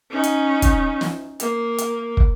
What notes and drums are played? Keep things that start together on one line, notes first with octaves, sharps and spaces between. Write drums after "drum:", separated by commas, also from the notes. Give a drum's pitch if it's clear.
C#4 D#4
drum: hi-hat
drum: kick, hi-hat
drum: snare
A#3, drum: hi-hat
drum: hi-hat
drum: kick